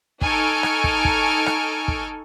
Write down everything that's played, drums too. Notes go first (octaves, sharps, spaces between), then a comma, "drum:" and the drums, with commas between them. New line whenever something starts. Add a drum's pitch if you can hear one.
D#4 A4 G#5 C#6 F6 D7, drum: kick
drum: rim click
drum: kick
drum: kick
drum: rim click
drum: kick